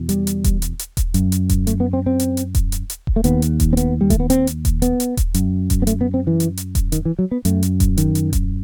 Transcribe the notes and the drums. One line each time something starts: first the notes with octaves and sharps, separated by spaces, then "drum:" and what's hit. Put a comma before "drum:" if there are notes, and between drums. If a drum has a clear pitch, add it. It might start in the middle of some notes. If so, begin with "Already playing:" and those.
Already playing: E2 B2
G3, drum: hi-hat
drum: hi-hat
drum: kick D#1, hi-hat
drum: hi-hat
drum: hi-hat
drum: kick D#1, hi-hat
F#2, drum: hi-hat
drum: hi-hat
drum: kick D#1, hi-hat
A3, drum: hi-hat
B3
C4
C4
drum: hi-hat
drum: hi-hat
drum: kick D#1, hi-hat
drum: hi-hat
drum: hi-hat
drum: kick D#1
A3
D#2 B3, drum: hi-hat
drum: hi-hat
drum: kick D#1, hi-hat
C4
B3, drum: hi-hat
G3
A3, drum: kick D#1, hi-hat
B3
C4, drum: hi-hat
drum: hi-hat
drum: kick D#1, hi-hat
B3, drum: hi-hat
drum: hi-hat
drum: kick D#1, hi-hat
F#2, drum: hi-hat
drum: kick D#1, hi-hat
B3
A3, drum: hi-hat
B3
C4
E3
drum: hi-hat
drum: hi-hat
drum: kick D#1, hi-hat
D#3, drum: hi-hat
E3
F#3
B3
F#2 A3, drum: hi-hat
drum: hi-hat
drum: kick D#1, hi-hat
D#3, drum: hi-hat
drum: hi-hat
drum: kick D#1, hi-hat